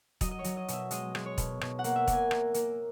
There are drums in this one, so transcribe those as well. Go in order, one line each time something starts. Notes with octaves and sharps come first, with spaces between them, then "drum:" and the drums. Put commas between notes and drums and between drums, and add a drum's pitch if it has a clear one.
F#3 D#5, drum: kick, hi-hat
D#5
C#5
F#3, drum: hi-hat
D#5
B2 E5, drum: hi-hat
G#3 D#5, drum: hi-hat
G#3, drum: rim click
C#5
B2, drum: kick, hi-hat
B2, drum: rim click
F#5
A#3, drum: hi-hat
E5
A#3, drum: kick, hi-hat
G#5
A#3, drum: rim click
A#3, drum: hi-hat